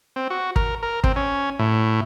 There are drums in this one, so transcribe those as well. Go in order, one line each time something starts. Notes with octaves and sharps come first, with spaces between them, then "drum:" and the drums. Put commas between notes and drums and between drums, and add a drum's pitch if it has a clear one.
C4
F#4
A#4, drum: kick
A#4
C4, drum: kick
C#4
A2